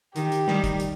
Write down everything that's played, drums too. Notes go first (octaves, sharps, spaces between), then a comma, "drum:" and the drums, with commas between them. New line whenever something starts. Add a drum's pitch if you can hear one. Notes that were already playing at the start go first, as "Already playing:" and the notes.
D#3 G4, drum: hi-hat
drum: hi-hat
D#3 G3, drum: snare
drum: kick, hi-hat
drum: hi-hat